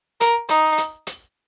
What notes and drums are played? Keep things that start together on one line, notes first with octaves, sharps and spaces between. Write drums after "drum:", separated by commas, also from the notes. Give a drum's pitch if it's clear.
A#4, drum: hi-hat
D#4, drum: hi-hat
drum: hi-hat
drum: hi-hat